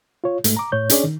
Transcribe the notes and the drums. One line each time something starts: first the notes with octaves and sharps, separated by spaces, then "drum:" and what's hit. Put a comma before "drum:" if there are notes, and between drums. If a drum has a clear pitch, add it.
F4 C#5
G#2 A3, drum: hi-hat
A#5 D6
A2 C#5 G6
C#4 D4 G#4 C#5 D5, drum: hi-hat
D#3